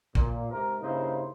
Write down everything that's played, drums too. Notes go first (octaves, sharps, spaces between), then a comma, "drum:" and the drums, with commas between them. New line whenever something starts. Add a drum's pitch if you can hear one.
A#2, drum: kick A#1
G#2 C3 A#4
G2 C#3 A#3 D#4 E4 C5